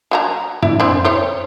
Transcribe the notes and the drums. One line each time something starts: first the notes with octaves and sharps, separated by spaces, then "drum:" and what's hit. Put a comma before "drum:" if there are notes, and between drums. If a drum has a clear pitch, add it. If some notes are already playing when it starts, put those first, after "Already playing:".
F#3 F#4 A#5
E4, drum: tom F#2
C4 D4
E4 C5 C#5